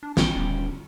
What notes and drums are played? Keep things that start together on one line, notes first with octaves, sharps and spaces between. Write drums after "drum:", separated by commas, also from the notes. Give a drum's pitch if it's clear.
D4
A#1 G3 C#4 G5, drum: snare
D#1